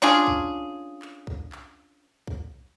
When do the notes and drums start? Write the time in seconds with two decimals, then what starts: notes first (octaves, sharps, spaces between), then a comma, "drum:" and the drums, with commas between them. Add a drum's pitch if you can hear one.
0.02 C#4 D4 F4 G#4
0.27 drum: kick B1
1.02 drum: clap
1.27 drum: kick B1
1.52 drum: clap
2.27 drum: kick B1